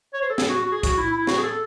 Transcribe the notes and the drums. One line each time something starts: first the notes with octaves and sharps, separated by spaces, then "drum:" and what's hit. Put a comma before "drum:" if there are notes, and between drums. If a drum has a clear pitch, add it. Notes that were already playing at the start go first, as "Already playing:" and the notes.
C#5
C5
A4
G#4, drum: snare
F#4
F#4
G#4
F#4, drum: kick, hi-hat
E4
E4
F#4, drum: snare
G#4
A4